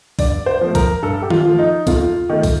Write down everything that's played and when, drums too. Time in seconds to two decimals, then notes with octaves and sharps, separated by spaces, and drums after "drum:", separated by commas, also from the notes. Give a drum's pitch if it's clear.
0.19 G2 D5, drum: kick, open hi-hat
0.46 C5
0.61 F3 A3
0.75 A#4, drum: kick, hi-hat
1.02 G2 A4
1.14 A4
1.23 G4
1.30 F4, drum: tom D#3
1.45 F3 A3
1.59 D#4
1.87 F2 F4, drum: kick, hi-hat
2.29 D#3 A3
2.43 drum: kick, open hi-hat